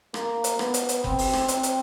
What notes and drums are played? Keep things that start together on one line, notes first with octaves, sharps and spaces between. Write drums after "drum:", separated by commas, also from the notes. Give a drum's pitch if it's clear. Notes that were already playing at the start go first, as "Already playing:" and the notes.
A#3, drum: rim click
drum: hi-hat
B3, drum: rim click
drum: hi-hat
drum: hi-hat
C4, drum: kick F#1
drum: open hi-hat
drum: rim click
C4, drum: hi-hat
drum: hi-hat